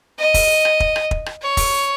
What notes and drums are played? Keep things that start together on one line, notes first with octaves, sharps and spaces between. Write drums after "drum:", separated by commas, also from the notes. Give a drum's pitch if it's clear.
D#5
drum: kick, open hi-hat
drum: rim click
drum: kick
drum: rim click
drum: kick
drum: rim click
C#5
drum: kick, open hi-hat